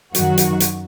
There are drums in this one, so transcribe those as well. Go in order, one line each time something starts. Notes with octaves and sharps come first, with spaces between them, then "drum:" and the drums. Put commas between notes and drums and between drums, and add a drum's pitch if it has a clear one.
F#2 D#3 F#3 F#4, drum: hi-hat
drum: hi-hat
drum: hi-hat